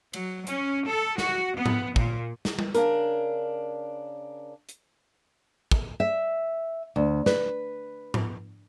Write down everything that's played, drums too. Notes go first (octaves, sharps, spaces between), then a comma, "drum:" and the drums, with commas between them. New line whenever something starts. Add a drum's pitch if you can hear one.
F#3, drum: cymbal
C#4, drum: hi-hat
A4
F#4, drum: snare
B3
drum: tom G#2
A#2, drum: kick
drum: snare
drum: tom G3
C#3 D4 A#4, drum: hi-hat
drum: hi-hat
drum: kick
E5
D2
B4, drum: snare
drum: tom G#2